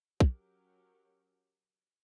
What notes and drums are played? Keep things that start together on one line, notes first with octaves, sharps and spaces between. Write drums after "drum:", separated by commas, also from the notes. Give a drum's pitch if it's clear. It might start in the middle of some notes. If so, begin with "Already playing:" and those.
F#3 C#4 G4 A#4, drum: kick